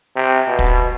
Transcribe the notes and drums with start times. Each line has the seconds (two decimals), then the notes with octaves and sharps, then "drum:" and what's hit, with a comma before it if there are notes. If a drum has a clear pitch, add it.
0.16 C3
0.48 B2
0.59 drum: kick